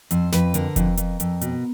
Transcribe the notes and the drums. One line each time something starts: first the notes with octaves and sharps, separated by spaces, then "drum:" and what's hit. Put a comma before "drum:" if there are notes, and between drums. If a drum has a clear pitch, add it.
F2 C5, drum: hi-hat
F2 B4, drum: snare
D3 A#4, drum: hi-hat
F2, drum: kick F1, hi-hat
F2, drum: hi-hat
F2, drum: hi-hat
B2, drum: hi-hat